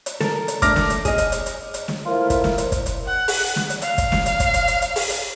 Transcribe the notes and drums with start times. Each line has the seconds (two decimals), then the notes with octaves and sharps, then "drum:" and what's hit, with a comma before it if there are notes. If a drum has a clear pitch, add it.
0.06 drum: hi-hat
0.21 A4 A#4, drum: snare
0.48 drum: hi-hat
0.62 A3 D4 D6 F6 A#6, drum: kick, hi-hat
0.76 drum: snare
0.90 drum: hi-hat
1.05 G#4 D#5, drum: kick, hi-hat
1.18 drum: hi-hat
1.32 drum: hi-hat
1.46 drum: hi-hat
1.74 drum: hi-hat
1.88 drum: snare
2.06 A3 E4 F4 A#4 C5
2.30 drum: kick, hi-hat
2.44 drum: snare
2.58 drum: hi-hat
2.72 drum: kick, hi-hat
2.86 drum: hi-hat
3.06 F#5
3.28 drum: open hi-hat
3.56 drum: snare
3.70 drum: hi-hat
3.82 F5, drum: hi-hat
3.98 drum: kick, hi-hat
4.12 drum: snare
4.26 drum: hi-hat
4.40 drum: kick, hi-hat
4.54 drum: hi-hat
4.68 drum: hi-hat
4.82 drum: hi-hat
4.96 drum: open hi-hat
5.10 drum: hi-hat